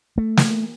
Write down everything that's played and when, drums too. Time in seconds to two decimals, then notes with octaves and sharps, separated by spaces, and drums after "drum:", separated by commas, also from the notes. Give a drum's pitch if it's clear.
0.18 A3
0.37 drum: snare